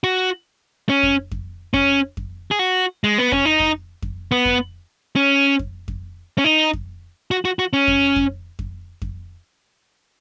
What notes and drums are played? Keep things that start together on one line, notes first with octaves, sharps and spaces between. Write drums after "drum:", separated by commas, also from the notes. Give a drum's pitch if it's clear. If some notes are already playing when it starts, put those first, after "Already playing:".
F#4
C#4
drum: kick F2
drum: kick F2
C#4, drum: kick F2
drum: kick F2
G#4
F#4
G#3
B3
C#4, drum: kick F2
D#4
drum: kick F2
drum: kick F2
B3
drum: kick F2
C#4
drum: kick F2
drum: kick F2
C#4
D#4
drum: kick F2
F#4
F#4
F#4
C#4
drum: kick F2
drum: kick F2
drum: kick F2
drum: kick F2